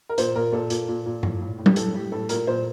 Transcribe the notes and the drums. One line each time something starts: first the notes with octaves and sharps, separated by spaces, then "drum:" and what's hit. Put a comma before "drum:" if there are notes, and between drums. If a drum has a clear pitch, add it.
A#4
A#2 C5, drum: hi-hat
A#2 A#4
A#2 A4
A#2, drum: hi-hat
A#2
A#2
A2, drum: tom G2
A2
A2
G4, drum: tom F#3
A2 A4, drum: hi-hat
A2 G4
A2 A4
A#2 A#4, drum: hi-hat
A#2 C5